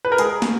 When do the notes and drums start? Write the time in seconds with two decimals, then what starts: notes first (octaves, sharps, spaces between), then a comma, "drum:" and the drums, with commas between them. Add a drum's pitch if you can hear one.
0.05 B4
0.12 A#4
0.18 G#3 G#4, drum: hi-hat
0.42 drum: snare